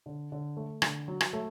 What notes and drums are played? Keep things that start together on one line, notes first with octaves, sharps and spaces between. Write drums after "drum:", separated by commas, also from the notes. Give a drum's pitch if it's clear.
D3
D3
A3
D3, drum: rim click
F#3
drum: rim click
A3